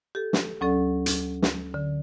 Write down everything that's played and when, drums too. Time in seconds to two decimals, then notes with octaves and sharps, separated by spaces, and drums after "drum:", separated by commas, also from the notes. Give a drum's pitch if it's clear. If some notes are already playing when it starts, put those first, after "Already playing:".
0.15 G4 A4
0.33 drum: snare
0.61 D2 F#3 C#4 A4 D5
1.06 drum: hi-hat
1.42 drum: snare
1.74 D3